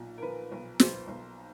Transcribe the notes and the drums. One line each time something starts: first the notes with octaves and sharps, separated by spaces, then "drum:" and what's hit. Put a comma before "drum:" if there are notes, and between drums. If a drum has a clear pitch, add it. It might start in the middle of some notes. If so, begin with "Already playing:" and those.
Already playing: B1 A#2
A#4
F3 B4
B1
B1 C5, drum: snare
B1